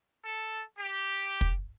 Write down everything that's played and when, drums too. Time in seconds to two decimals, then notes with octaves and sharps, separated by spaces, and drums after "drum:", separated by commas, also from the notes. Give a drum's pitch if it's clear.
0.25 A4
0.79 G4
1.41 drum: kick